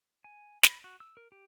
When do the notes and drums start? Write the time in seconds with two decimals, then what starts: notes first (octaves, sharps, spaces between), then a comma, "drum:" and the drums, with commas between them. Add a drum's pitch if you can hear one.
0.24 G#5
0.63 B5, drum: snare
0.84 F#4
1.00 E6
1.17 A#4
1.32 G4